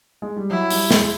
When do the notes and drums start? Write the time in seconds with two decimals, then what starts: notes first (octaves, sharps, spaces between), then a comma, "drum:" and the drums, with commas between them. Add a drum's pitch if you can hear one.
0.22 G#3
0.36 G3
0.50 F#3 E4
0.70 G3, drum: open hi-hat
0.91 G#3, drum: snare